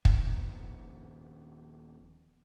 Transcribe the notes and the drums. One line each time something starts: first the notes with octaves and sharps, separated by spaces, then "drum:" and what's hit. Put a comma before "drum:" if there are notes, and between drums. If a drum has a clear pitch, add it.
D#1 D#3 F3 B3, drum: kick